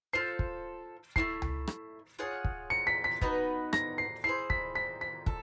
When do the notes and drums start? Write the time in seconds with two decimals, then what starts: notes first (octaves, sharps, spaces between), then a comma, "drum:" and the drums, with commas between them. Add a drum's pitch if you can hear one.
0.13 F4 A4 C5 C7
0.39 drum: kick
1.16 A3 C#4 E4 C7, drum: kick
1.42 drum: tom C#2
1.67 drum: rim click
2.19 F4 G#4 C#5 F#5
2.44 drum: kick
2.70 C#7
2.87 B6
3.04 B6
3.21 B3 D#4 F#4 B4, drum: kick
3.73 A#6, drum: rim click
3.98 C7
4.24 E4 G#4 C5 C7
4.50 B6, drum: kick
4.75 B6
5.01 B6
5.26 A4, drum: kick